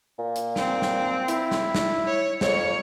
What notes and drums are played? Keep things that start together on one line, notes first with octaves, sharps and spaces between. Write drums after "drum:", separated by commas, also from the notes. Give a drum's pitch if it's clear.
A#2
drum: hi-hat
C4, drum: snare
drum: snare
E4, drum: hi-hat
drum: snare
drum: snare
C#5
F2 C#5, drum: snare